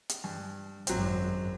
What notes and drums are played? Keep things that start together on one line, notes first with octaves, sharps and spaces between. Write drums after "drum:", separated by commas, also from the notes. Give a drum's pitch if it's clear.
drum: hi-hat
G2
G#1 F#2 F#3 C4, drum: hi-hat